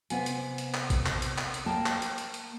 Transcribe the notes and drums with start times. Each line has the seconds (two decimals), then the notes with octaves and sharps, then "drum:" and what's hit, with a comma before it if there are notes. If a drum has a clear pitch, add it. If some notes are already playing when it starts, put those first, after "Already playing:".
0.10 C3 B3 F5 G#5, drum: hi-hat
0.26 drum: hi-hat
0.58 drum: hi-hat
0.74 drum: clap
0.90 drum: kick, hi-hat
1.06 drum: clap
1.22 drum: hi-hat
1.38 drum: clap
1.54 drum: hi-hat
1.66 A#3 G5 A5
1.86 drum: clap
2.02 drum: hi-hat
2.18 drum: hi-hat
2.34 drum: hi-hat